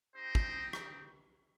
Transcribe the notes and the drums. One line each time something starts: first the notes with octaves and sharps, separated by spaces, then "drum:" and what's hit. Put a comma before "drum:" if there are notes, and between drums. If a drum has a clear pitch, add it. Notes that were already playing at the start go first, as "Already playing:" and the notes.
C4 D#4 G4 C5 D#5
drum: kick
drum: rim click